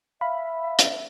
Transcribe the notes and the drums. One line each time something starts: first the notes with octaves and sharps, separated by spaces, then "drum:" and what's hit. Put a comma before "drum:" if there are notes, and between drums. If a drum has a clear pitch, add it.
E5 F5 B5
drum: hi-hat